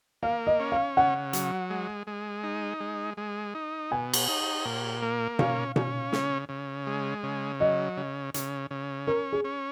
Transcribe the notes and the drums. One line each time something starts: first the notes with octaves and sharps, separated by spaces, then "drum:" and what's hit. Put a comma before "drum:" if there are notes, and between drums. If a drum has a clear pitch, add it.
A#3 F5
D#5
C#4
F5
C#3 F#5
F#3, drum: hi-hat
G#3
G#3
D#4
G#3
G#3
D#4
B2 G#5
drum: cymbal
D#4
A#2
A#3
C#4 F5, drum: tom B2
C#4, drum: tom B2
C#3, drum: snare
C#3
G#3
C#3
F#3 D#5
C#3
C#3, drum: hi-hat
C#3
C#4 A#4
G#4
C#4